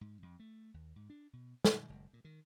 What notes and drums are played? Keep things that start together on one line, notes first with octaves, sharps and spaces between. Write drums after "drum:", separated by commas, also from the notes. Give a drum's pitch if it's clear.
G#2
F2
A3
D#2
G#2
D4
B2
D#3, drum: snare
F#1
A#2
D#3